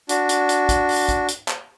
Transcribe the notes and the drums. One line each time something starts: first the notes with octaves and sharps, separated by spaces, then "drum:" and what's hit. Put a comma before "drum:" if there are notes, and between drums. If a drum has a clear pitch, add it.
D4 F#4, drum: hi-hat
drum: hi-hat
drum: hi-hat
drum: kick A1, hi-hat
drum: open hi-hat
drum: kick A1, hi-hat
drum: hi-hat
drum: clap